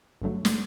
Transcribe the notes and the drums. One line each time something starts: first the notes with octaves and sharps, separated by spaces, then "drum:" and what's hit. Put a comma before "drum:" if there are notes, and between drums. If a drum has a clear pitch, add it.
G1 G2 D3 F#3 A3
drum: snare